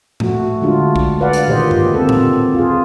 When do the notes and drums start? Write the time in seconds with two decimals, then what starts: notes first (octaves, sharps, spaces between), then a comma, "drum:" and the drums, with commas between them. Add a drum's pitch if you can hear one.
0.20 A3 F#4, drum: tom A2
0.62 D3 G#3 D4 F4 F#4
0.96 drum: kick
1.21 B4 D5 F5 F#5
1.33 drum: hi-hat
1.48 A#2 D#3 G4 C5 D#5
1.71 drum: tom G2
1.95 C4 G4 A4
2.09 drum: tom A2
2.54 F4 G#4